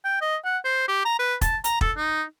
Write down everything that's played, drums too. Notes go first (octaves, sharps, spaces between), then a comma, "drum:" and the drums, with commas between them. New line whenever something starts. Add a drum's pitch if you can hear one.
G5
D#5
F#5
C5
G4
A#5
B4
A5, drum: kick, hi-hat
A#5, drum: hi-hat
A4, drum: kick
D#4